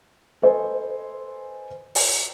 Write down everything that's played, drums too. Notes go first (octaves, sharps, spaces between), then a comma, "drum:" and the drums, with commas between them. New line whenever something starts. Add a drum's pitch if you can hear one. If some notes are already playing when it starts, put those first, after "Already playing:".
A4 B4 C5 D#5 G#5
drum: open hi-hat